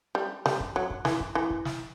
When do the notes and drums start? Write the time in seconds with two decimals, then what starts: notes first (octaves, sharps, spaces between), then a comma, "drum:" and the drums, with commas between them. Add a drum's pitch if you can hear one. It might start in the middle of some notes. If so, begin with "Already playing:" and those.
0.15 G3
0.46 G3, drum: snare
0.60 drum: kick
0.76 F#3
0.90 drum: kick
1.05 E3, drum: snare
1.20 drum: kick
1.35 E3
1.50 drum: kick
1.65 drum: snare